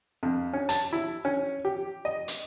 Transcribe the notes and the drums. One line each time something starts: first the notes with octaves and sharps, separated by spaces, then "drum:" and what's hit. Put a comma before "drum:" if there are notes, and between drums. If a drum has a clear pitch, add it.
F2
C#4
A5, drum: hi-hat
E4
C#4
G4
D#5
drum: hi-hat